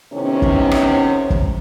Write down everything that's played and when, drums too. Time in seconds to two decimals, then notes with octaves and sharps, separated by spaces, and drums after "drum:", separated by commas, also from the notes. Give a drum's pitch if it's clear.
0.13 A2 C3 D#3 B3 C#4
0.42 drum: kick
0.71 drum: rim click
1.30 drum: kick